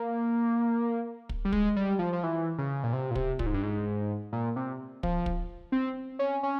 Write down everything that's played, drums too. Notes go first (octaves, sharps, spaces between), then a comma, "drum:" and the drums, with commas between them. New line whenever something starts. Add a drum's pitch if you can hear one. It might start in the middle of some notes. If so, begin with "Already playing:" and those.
Already playing: A#3
drum: kick
G3
G#3, drum: kick
G3
F3
F3
E3
C#3
A#2
C3
A#2
C3, drum: kick
A#2, drum: kick
G#2
G2
G#2
A#2
C3
F3, drum: kick
drum: kick
C4
C#4
C#4